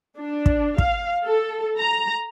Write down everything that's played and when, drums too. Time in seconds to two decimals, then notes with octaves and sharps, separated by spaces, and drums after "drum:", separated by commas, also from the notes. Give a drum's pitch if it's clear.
0.16 D4
0.46 drum: kick
0.78 F5, drum: kick
1.25 A4
1.78 A#5